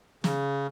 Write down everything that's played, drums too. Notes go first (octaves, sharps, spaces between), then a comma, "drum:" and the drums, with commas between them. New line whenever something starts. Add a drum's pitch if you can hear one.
C#3, drum: snare